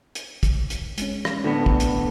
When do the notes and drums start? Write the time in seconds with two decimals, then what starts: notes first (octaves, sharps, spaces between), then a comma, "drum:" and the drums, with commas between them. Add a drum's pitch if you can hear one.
0.15 drum: hi-hat
0.43 drum: kick, hi-hat
0.70 drum: hi-hat
0.98 G#3 C#4, drum: hi-hat
1.25 drum: rim click
1.44 D2 A2 B3 D4 A4
1.66 drum: kick
1.80 drum: hi-hat